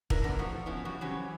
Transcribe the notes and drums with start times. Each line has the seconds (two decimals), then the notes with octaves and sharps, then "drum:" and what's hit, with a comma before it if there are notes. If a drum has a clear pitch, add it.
0.10 D4 E4 A#4 B4, drum: kick
0.24 C3 E3 B3 D4 A#4
0.38 C3 F3 A3 F#4
0.66 F3 B3 C#4 E4
0.85 C#3 G3 F#4
1.01 E3 F#3 C4 C#4 G4